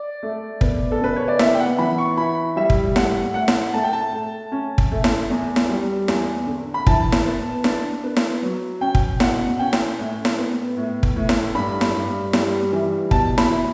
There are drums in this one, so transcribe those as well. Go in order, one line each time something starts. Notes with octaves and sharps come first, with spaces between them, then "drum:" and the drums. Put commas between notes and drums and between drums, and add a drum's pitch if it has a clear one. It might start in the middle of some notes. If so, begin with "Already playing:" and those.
Already playing: D5
A3
B3, drum: kick
A4
C#3 B4
C#5
D5
B3 E5, drum: snare E4
G5
F#5
E3 B5
C#6
E4 B5
G3 E5
drum: kick
A2 F#5, drum: snare E4
A2 F#5
drum: snare E4
A3 A5
G5
A5
A3
C#4
drum: kick
A3
drum: snare E4
E2
drum: snare E4
G3
E2, drum: snare E4
D3
B5
E3 A5, drum: kick
drum: snare E4
B3
D4, drum: snare E4
B3
drum: snare E4
F#3
C#4 G5
drum: kick
B2 F#5, drum: snare E4
C#4 G5
drum: snare E4
A2
drum: snare E4
B3
A2
drum: kick
A2
drum: snare E4
G2 B5
drum: snare E4
G2
G3, drum: snare E4
E3
B2 A5, drum: kick
B5, drum: snare E4
E4